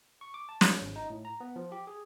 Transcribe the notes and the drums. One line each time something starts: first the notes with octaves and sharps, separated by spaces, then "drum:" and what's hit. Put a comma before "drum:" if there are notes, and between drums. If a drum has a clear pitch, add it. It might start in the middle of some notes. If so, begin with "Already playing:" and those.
C#6
D6
A5
G3, drum: snare
G#1
D#4
A2
A#5
B3
F3
G4
G#4